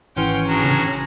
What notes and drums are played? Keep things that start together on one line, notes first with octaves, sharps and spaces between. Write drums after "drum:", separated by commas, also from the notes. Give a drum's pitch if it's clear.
G#1 E3 C#4 F#5 G5 C6 F6
A2 D4 F#4 G#4 A#5
drum: tom C#3